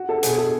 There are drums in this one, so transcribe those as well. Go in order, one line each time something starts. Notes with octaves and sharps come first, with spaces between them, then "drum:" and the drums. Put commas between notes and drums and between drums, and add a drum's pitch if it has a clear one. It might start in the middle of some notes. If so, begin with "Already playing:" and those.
Already playing: F#4
A4
B2 G#4, drum: hi-hat
A4